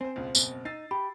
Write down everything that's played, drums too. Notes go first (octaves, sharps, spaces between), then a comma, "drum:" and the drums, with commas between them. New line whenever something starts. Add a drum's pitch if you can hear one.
C4 C5 G#5
C#2 B2 F4
F#1 B2, drum: tambourine
D#4 E6 A6 C7
G4 B5